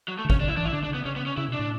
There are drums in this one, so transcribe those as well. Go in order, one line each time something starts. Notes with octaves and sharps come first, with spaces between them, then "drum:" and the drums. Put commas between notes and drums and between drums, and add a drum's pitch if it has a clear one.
F#3
A3
D3
C#4, drum: kick
D3 D4
E4
E3 D4
E4
D3 D4
D4
C#3 B3
C#3 C#4
B3
C#4
C#3 E4
B2
D4
A2